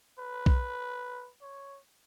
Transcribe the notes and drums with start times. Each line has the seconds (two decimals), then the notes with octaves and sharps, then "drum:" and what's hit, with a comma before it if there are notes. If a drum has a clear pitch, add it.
0.19 B4
0.46 drum: kick B1
1.41 C#5